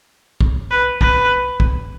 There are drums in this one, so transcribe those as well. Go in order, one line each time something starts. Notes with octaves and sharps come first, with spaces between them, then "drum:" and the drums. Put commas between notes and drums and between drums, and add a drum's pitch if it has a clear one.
drum: kick
B4
B4, drum: kick
drum: kick